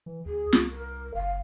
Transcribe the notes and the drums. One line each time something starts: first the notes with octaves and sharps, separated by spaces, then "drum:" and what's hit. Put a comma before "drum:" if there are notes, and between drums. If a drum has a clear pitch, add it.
E3
D2 G#4
C2, drum: snare
A#4
F#1 F5